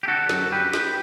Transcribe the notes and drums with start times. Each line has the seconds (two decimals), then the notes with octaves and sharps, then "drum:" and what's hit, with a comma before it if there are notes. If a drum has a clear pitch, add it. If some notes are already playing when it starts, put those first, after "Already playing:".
0.03 G4
0.07 D3 F#4 A4
0.29 F#2, drum: snare
0.52 G4 B4
0.73 drum: snare